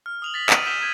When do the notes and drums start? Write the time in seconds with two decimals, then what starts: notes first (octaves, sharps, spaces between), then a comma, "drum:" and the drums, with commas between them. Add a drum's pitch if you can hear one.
0.06 F6
0.22 D#6 F7 F#7
0.34 A6 B6 F#7
0.50 D#6 E6 D7 D#7 F7, drum: clap
0.65 E6 G6 B6 D#7 E7 G7
0.81 D#6 G6 G#6 B6 D#7